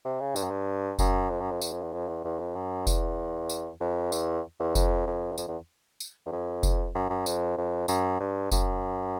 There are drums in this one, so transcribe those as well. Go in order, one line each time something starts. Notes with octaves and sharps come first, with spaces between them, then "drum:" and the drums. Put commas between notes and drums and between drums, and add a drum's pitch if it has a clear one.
C3
C#3
G2, drum: tambourine
F#2
G2
F#2, drum: kick F1, tambourine
F2
F#2
F2
E2, drum: tambourine
F2
E2
F2
E2
E2
F2
F#2
E2, drum: kick F1, tambourine
drum: tambourine
F2
E2, drum: tambourine
E2
F2, drum: kick F1, tambourine
F2
E2
F2, drum: tambourine
E2
drum: tambourine
E2
F2
drum: kick F1, tambourine
F#2
F#2
F2, drum: tambourine
F2
F#2, drum: tambourine
G2
F#2, drum: kick F1, tambourine